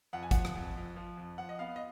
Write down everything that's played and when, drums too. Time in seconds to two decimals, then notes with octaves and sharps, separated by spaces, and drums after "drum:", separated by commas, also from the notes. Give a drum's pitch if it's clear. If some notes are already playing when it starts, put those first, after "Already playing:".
0.13 F2 F#5
0.23 G#5
0.31 F3 F#5, drum: kick G1, hi-hat
0.45 drum: rim click
0.55 F2
0.77 F2
0.96 F3
1.17 F2
1.38 F3 F#5
1.49 D#5
1.59 B3 F5
1.76 D#5